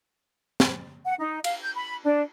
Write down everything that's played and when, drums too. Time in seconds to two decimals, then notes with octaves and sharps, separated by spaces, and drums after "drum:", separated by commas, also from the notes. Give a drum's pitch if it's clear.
0.60 drum: snare
1.05 F#5
1.18 D#4
1.44 F5, drum: cymbal
1.62 G6
1.76 B5
2.05 D4